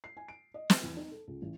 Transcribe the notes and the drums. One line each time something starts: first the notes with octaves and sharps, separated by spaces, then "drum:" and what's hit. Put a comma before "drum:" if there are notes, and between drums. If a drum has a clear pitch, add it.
C7
G#5
D7
D#5
C4, drum: snare
E2
D#4
A4
C#2
A1